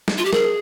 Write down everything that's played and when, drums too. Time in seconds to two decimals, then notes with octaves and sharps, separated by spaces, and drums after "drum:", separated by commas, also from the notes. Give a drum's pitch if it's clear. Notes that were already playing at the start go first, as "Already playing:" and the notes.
0.08 drum: snare
0.18 F4
0.25 G4
0.33 G#4 A#4, drum: snare